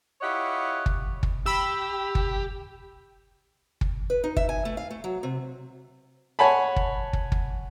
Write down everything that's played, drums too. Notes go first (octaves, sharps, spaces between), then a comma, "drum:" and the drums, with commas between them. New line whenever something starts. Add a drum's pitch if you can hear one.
E4 F4 G4 C#5 D#5 F#5
drum: kick
drum: kick
G4 B5 E6
drum: kick
drum: kick
B4
D#4
E5, drum: kick
G#5
A3
F5
A3
F#3
C3
C#5 F#5 G#5 A5 B5
drum: kick
drum: kick
drum: kick